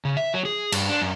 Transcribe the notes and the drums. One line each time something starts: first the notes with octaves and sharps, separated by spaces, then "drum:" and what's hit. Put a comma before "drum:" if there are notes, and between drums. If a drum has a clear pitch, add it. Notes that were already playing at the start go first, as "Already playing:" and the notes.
C#3
E5
F#3
G#4
G2, drum: cymbal
D4
F#2